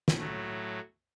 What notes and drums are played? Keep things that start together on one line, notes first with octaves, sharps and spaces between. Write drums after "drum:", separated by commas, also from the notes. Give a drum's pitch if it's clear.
drum: snare
A2 F#3 A3